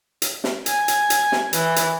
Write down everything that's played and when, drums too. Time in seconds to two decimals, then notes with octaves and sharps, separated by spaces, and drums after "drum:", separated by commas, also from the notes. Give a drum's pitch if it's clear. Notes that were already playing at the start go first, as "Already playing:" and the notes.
0.22 drum: hi-hat
0.44 drum: snare
0.66 G#5, drum: hi-hat
0.88 drum: hi-hat
1.10 drum: hi-hat
1.32 drum: snare
1.53 E3, drum: hi-hat
1.76 drum: hi-hat